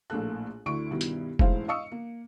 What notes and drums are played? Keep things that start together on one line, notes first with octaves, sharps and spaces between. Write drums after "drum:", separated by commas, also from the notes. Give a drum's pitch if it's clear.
A#1 A2 A#3 A4 F#6
D2 D3 E4 C#6 D7
G2 B2 D#3 B3 E4
drum: hi-hat
E1 A1 G#2 E4 C5 F5, drum: kick F1
D#5 F5 C#6 D#6 E6 C#7
A#3